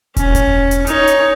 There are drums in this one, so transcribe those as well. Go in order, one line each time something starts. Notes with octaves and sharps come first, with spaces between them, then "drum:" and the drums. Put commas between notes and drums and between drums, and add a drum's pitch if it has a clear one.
C#4, drum: kick, hi-hat
drum: kick, hi-hat
drum: hi-hat
D#4 C#5, drum: hi-hat
drum: hi-hat